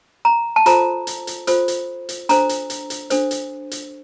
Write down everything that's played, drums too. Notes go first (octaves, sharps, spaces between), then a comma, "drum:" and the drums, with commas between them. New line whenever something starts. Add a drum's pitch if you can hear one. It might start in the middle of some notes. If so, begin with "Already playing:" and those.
A#5
A5
F4 A4 C5 A#5, drum: hi-hat
drum: hi-hat
drum: hi-hat
F4 A4 C5, drum: hi-hat
drum: hi-hat
drum: hi-hat
D4 A4 C5 A#5, drum: hi-hat
drum: hi-hat
drum: hi-hat
drum: hi-hat
D4 A4 C5, drum: hi-hat
drum: hi-hat
drum: hi-hat